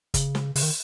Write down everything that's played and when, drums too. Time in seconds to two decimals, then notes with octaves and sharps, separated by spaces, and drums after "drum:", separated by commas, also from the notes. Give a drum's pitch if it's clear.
0.14 C#3, drum: kick, hi-hat
0.35 drum: snare
0.56 C#3, drum: open hi-hat
0.63 D#3